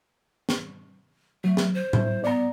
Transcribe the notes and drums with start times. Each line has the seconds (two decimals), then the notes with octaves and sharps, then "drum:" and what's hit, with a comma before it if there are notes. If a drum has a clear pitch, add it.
0.49 drum: snare
1.44 F#3 A3
1.57 drum: snare
1.74 C5
1.93 E4, drum: tom A2
2.24 B3 D5 A#5